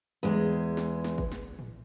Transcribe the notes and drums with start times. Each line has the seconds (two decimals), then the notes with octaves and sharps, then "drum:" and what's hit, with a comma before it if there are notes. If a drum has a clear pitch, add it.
0.23 E2 G#3
0.77 drum: snare
1.04 drum: snare
1.18 drum: kick
1.32 drum: snare
1.59 drum: tom A2